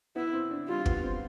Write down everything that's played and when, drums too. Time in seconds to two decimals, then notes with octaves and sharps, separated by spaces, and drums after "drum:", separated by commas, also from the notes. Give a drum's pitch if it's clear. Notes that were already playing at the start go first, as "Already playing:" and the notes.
0.16 B3 E4
0.33 C4
0.51 D4
0.68 G3 F4
0.86 B3, drum: kick
1.04 C4